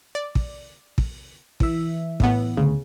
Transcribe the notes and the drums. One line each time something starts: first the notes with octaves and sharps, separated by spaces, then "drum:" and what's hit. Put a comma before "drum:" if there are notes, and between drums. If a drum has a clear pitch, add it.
D5
drum: kick
drum: kick
E3 E5, drum: kick
A2 B3, drum: kick
D2 C#3